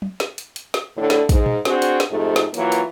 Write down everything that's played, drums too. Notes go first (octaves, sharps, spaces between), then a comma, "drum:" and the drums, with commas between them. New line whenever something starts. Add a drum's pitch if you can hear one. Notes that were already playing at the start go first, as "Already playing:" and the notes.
drum: tom
drum: snare
drum: hi-hat
drum: hi-hat
drum: snare
A2 D3
drum: snare
G#2, drum: kick, hi-hat
drum: tom A#2
C4 D4 F#4 G#4, drum: snare
drum: hi-hat
drum: snare
F2 G#2 A3 G4
drum: snare
E3 F#3 A#3 F4, drum: hi-hat
drum: hi-hat